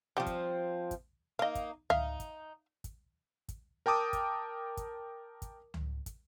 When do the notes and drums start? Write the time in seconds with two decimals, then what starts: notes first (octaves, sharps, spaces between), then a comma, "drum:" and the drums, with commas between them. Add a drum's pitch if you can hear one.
0.17 F3 G3 C4 G4
0.27 drum: kick, hi-hat
0.91 drum: kick, hi-hat
1.39 A#3 D#4 D#5 F5
1.55 drum: kick, hi-hat
1.90 D#4 E5 F5, drum: tom C#2
2.20 drum: kick, hi-hat
2.84 drum: kick, hi-hat
3.49 drum: kick, hi-hat
3.86 A#4 G5 A5 D6 D#6
4.13 drum: kick, hi-hat
4.77 drum: kick, hi-hat
5.42 drum: kick, hi-hat
5.74 drum: tom C#2
6.06 drum: kick, hi-hat